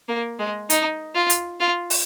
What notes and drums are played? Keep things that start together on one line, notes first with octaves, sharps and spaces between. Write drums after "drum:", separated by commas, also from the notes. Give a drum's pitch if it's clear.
A#3
G#3
D#4, drum: hi-hat
F4
drum: hi-hat
F4
drum: open hi-hat